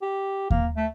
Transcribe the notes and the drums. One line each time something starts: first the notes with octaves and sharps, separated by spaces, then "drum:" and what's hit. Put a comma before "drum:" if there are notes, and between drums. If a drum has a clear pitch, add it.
G4
A#3, drum: kick D#2
A3